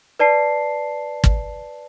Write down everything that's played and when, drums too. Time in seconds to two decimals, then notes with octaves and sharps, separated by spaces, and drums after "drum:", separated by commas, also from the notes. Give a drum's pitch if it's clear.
0.19 B4 D5 A5 C7
1.24 drum: kick